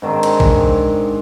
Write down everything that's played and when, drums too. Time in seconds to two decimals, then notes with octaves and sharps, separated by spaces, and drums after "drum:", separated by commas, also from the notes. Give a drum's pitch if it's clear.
0.02 G#2 D#3 C4 D4
0.23 drum: cymbal
0.40 drum: kick